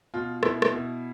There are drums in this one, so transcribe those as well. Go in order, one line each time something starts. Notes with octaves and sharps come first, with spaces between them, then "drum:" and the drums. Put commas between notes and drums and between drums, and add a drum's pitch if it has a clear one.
B2 F4
B2 E4, drum: rim click
drum: rim click
B2